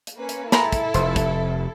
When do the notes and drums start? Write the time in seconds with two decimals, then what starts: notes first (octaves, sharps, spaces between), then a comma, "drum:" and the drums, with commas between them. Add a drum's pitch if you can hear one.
0.07 drum: hi-hat
0.16 A#3 C#4 B4
0.29 drum: hi-hat
0.52 G#3 E4 A4 A#5 B5, drum: snare
0.72 drum: kick, hi-hat
0.94 F1 C5, drum: hi-hat
1.16 drum: kick, hi-hat